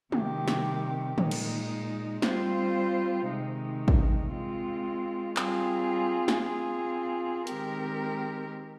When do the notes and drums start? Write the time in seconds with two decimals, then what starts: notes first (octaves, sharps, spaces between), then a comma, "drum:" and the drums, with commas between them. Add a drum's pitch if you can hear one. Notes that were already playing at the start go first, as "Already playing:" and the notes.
0.12 C3 D#3 G3 C4 G4, drum: tom
0.48 drum: snare
1.18 A#2 G#3 D#4, drum: tom
1.31 drum: cymbal
2.22 G3 C4 F4 C5, drum: snare
3.27 C3 D#3 G#3 D#4
3.88 drum: kick A1
4.32 G#3 C4 F4
5.37 G3 C4 F4 G#4, drum: clap
6.28 drum: snare
6.42 C4 F4 G#4
7.47 D#3 G#3 C4 G4 A#4, drum: hi-hat